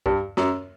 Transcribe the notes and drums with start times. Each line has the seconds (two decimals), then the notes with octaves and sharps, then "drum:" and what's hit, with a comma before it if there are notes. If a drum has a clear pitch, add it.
0.06 G2, drum: kick
0.37 F#2, drum: snare